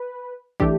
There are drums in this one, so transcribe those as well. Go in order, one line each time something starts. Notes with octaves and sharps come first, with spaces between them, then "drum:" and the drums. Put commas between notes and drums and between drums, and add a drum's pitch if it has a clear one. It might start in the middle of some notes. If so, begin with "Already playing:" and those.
Already playing: B4
E3 A3 D4 G4, drum: kick